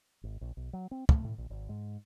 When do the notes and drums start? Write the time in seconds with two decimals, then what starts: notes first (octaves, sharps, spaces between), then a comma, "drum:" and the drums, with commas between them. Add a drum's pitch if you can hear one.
0.23 G#1
0.41 A#1
0.57 B1
0.73 F#3
0.91 C4
1.09 A3, drum: kick
1.24 A2
1.38 A#1
1.50 G#1
1.69 G#2